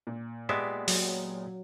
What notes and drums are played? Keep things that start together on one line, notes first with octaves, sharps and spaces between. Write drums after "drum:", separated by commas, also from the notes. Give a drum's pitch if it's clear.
A#2
G#3 B3 G4 D5 E5
F#3, drum: open hi-hat